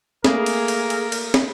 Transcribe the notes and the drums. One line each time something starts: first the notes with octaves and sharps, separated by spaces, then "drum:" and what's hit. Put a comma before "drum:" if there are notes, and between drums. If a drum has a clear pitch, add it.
A3 A#3 G#4 A#4, drum: snare
drum: cymbal
drum: cymbal
drum: cymbal
drum: cymbal
drum: snare